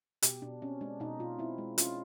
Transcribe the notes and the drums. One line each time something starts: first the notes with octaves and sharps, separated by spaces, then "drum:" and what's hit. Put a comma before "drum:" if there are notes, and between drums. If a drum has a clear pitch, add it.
B2 G4, drum: hi-hat
B2 D4
C4 C#4
G#3 D4
B2 D#4
B2 F4
C4 E4
G#3
C#4 F4, drum: hi-hat